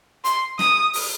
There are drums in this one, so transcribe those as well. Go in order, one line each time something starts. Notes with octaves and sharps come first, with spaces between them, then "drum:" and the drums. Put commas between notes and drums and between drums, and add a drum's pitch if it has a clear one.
C6, drum: hi-hat
D#6, drum: snare
drum: open hi-hat